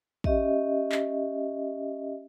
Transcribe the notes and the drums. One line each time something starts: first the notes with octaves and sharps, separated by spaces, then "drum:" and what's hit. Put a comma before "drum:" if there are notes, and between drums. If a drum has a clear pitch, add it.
C#4 G4 D#5 E5, drum: kick
drum: clap